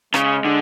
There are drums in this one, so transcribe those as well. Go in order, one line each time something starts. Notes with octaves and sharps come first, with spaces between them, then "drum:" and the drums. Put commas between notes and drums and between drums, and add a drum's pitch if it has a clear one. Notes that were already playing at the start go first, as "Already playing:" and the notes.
C#3 G#3, drum: rim click
D3